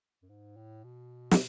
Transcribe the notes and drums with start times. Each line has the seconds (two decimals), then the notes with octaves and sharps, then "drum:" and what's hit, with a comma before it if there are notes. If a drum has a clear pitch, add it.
0.23 F#2
0.29 G#2
0.57 A2
0.84 B2
1.31 drum: snare